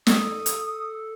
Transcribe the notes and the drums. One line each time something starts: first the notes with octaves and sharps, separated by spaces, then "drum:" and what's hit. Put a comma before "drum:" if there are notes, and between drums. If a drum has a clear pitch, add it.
A4 D#6, drum: snare
drum: hi-hat